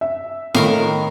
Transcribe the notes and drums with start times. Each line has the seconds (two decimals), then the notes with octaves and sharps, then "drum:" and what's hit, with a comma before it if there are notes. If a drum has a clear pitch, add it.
0.01 E5
0.54 A2 D#3 A#4 F5, drum: snare